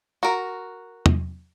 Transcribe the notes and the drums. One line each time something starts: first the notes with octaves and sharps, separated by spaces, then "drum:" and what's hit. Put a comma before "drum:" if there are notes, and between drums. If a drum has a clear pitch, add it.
F#4 A#4
drum: tom